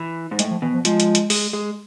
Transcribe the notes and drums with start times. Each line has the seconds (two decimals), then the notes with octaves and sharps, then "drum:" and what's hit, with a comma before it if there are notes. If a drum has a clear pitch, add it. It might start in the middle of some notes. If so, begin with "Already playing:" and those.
Already playing: E3
0.31 G#2
0.39 A2 G#3, drum: hi-hat
0.51 F3
0.62 B2 E3
0.74 F3
0.85 F3 G#3, drum: hi-hat
1.00 drum: hi-hat
1.15 drum: hi-hat
1.30 G#3, drum: open hi-hat
1.53 G#3